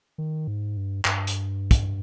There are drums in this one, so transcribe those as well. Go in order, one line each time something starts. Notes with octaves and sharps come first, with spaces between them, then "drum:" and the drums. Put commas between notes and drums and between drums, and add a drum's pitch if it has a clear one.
D#3
G#2
G2
G2, drum: clap
drum: hi-hat
drum: kick, hi-hat